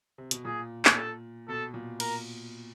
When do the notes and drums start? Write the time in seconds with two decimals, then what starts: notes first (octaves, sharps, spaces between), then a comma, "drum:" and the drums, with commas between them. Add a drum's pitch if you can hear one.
0.18 C3
0.31 B2, drum: hi-hat
0.45 A#2 G#4
0.85 drum: clap
0.96 A4
1.49 B2 A4
1.74 A#2
2.00 A#4, drum: cymbal